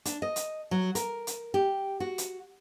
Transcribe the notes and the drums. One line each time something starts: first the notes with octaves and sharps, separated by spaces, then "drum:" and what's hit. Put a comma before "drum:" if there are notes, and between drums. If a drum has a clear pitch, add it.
D4, drum: hi-hat
D#5
drum: hi-hat
F#3
A#4, drum: hi-hat
drum: hi-hat
G4
F#4
drum: hi-hat